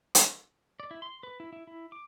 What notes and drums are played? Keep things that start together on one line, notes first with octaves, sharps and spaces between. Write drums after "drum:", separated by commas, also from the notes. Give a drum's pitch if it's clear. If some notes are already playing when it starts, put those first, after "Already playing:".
drum: hi-hat
D5
E4
C6
B4
E4
E4
E4
D6